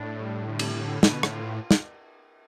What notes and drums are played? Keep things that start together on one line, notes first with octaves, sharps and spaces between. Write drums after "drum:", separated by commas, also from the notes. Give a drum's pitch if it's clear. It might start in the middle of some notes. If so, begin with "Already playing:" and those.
Already playing: A2 D4
G3
D3
drum: cymbal
D3
A2 B4, drum: snare
B2
A2, drum: rim click
F4
drum: snare